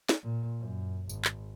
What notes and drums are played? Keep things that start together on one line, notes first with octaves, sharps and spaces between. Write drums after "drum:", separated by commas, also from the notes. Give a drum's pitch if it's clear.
drum: snare
A#2
F#2
G#1, drum: tambourine
drum: clap